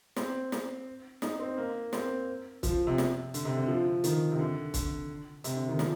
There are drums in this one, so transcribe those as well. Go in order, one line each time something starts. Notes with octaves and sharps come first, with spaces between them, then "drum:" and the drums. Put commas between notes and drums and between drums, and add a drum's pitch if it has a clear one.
C4, drum: snare
drum: snare
D#4, drum: snare
C4
A#3
C4, drum: snare
F3, drum: kick, hi-hat
C3
drum: snare
D3, drum: hi-hat
C3
D3
F3
D#3, drum: hi-hat
C3
D3
D3, drum: kick, hi-hat
C3, drum: hi-hat
D3
D#3
F3, drum: snare